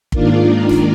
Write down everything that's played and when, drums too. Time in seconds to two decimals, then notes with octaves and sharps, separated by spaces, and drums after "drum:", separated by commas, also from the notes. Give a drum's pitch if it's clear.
0.12 G#2 D#3 A#3 D4 F4 A#4 D5, drum: kick
0.69 drum: snare